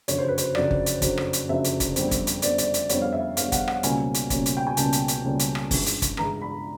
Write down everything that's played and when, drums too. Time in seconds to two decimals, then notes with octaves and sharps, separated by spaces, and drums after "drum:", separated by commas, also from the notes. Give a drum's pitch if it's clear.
0.08 F#1 F2 D3 F#3 C#5, drum: hi-hat
0.18 C5
0.28 B4
0.38 C5, drum: hi-hat
0.55 F#1 F2 D3 F#3 D5, drum: rim click
0.71 drum: kick G1
0.86 drum: hi-hat
1.02 F#1 F2 D3 F#3, drum: kick G1, hi-hat
1.18 drum: rim click
1.33 drum: hi-hat
1.49 F#1 F2 D3 F#3 E5
1.64 drum: hi-hat
1.80 drum: kick G1, hi-hat
1.96 F2 D3 G3 B3, drum: hi-hat
2.11 drum: kick G1, hi-hat
2.27 drum: hi-hat
2.42 F2 D3 G3 B3 D5, drum: hi-hat
2.58 D5, drum: hi-hat
2.74 drum: hi-hat
2.89 F2 D3 G3 B3 C#5, drum: hi-hat
3.02 F5
3.13 E5
3.37 F2 D3 G3 B3 F5, drum: hi-hat
3.52 F#5, drum: kick G1, hi-hat
3.68 F#5, drum: rim click
3.83 C#2 B2 G3 A#3 C#4 G#5, drum: hi-hat
4.14 drum: hi-hat
4.30 C#2 B2 G3 A#3 C#4, drum: kick G1, hi-hat
4.46 drum: hi-hat
4.57 G5
4.67 G#5
4.77 C#2 B2 G3 A#3 C#4 A5, drum: hi-hat
4.93 drum: hi-hat
5.08 drum: hi-hat
5.24 C#2 B2 G3 A#3 C#4
5.39 drum: hi-hat
5.55 drum: rim click
5.71 G2 E3 G#3, drum: kick G1, open hi-hat
5.86 drum: hi-hat
6.02 drum: kick G1, hi-hat
6.17 G2 E3 G#3 A#5, drum: rim click
6.42 B5